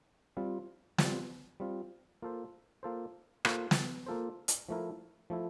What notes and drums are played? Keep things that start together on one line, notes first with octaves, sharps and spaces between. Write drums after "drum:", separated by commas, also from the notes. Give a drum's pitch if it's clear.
G3 C4 F4
G3 C4 F4, drum: snare
G3 C4 F4
A#3 F4 A4 C5
A#3 F4 A4 C5
A#3 F4 A4 C5, drum: rim click
drum: snare
A#3 F4 A4 C5
drum: hi-hat
F3 A3 E4 A#4
F3 A3 E4